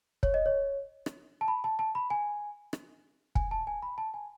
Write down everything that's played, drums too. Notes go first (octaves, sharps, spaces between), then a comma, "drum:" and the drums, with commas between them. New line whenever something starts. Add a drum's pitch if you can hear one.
C#5, drum: kick
D#5
C#5
drum: rim click
A5
B5
A5
A5
B5
G#5
drum: rim click
G#5, drum: kick
A5
G#5
B5
A5
G#5